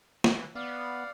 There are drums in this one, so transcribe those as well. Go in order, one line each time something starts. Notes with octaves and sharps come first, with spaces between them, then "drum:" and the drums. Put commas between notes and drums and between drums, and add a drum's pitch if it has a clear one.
E3, drum: snare
B3 D5 F5 F#5